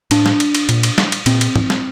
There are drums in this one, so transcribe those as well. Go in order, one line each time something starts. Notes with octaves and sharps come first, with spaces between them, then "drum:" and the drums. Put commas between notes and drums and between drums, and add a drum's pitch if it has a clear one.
A2 D4, drum: cymbal
drum: snare
drum: cymbal
drum: cymbal
A#2, drum: cymbal
drum: cymbal
drum: snare
drum: cymbal
A#2 C4, drum: cymbal
drum: cymbal
drum: tom
drum: snare